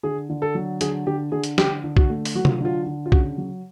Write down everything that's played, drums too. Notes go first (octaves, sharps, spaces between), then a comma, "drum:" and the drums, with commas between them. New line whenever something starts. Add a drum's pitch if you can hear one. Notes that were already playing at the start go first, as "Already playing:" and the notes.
D3 G#4
D3
A4
F#3
D3 G#4, drum: hi-hat
D3 G4
D3 G#4
drum: hi-hat
D3 G4, drum: snare
D3
F#4, drum: kick B1
A3
drum: open hi-hat
F#3 F#4
F4, drum: tom
D3 F4
D3
F4
C#3 F#4, drum: kick B1
F#3